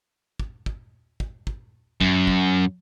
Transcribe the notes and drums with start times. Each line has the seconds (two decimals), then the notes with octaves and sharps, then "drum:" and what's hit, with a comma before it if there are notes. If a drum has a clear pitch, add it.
0.39 drum: kick
0.66 drum: kick
1.20 drum: kick
1.47 drum: kick
2.01 F#2, drum: kick
2.27 drum: kick